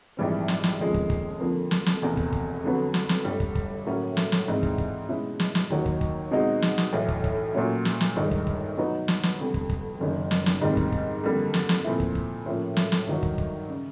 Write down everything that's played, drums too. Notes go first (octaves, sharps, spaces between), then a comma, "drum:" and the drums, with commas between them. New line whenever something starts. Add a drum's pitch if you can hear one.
A#1 G#2 E3 G3 C4
drum: snare
drum: snare
F1 D#2 C#3 F3 G#3
drum: kick
drum: kick
F2 D3 F3 A#3
drum: snare
drum: snare
F1 E2 B2
drum: kick
drum: kick
F2 D3 F#3 B3
drum: snare
drum: snare
G1 G2 D3 G3
drum: kick
drum: kick
A2 F#3 A#3 C#4
drum: snare
drum: snare
A#1 G#2 E3 G#3 C4
drum: kick
drum: kick
B2 G#3 C#4 E4
drum: snare
drum: snare
D#2 D#3 F#3
drum: kick
drum: kick
B2 G#3 C4 D#4 F#4
drum: snare
drum: snare
B1 A2 E3
drum: kick
drum: kick
A#2 F#3 A3 C#4
drum: snare
drum: snare
G1 G2 D#3 G#3
drum: kick
drum: kick
B2 F#3 B3 D#4
drum: snare
drum: snare
F1 F2 D3 G3 B3
drum: kick
drum: kick
F#1 F#2 D#3
drum: snare
drum: snare
G#2 D#3 G3 C4
drum: kick
drum: kick
F2 D3 G3 A#3
drum: snare
drum: snare
A#2 F3 A3 C4 E4
drum: kick
drum: kick
A2 F3 A#3 C#4
drum: snare
drum: snare
G2 D#3 F#3
drum: kick
drum: kick
C#3